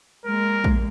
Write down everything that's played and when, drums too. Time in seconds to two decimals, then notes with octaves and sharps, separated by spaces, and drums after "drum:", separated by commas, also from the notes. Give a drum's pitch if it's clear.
0.25 G#3 A#3 A#4
0.64 drum: kick A#1